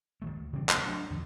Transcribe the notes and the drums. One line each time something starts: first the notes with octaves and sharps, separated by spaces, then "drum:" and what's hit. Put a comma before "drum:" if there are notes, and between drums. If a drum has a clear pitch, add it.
D#3 F3 A3
D2
C#3 E3 G3 C4
E1 A3, drum: clap
F#3 D4
E2 D3 F3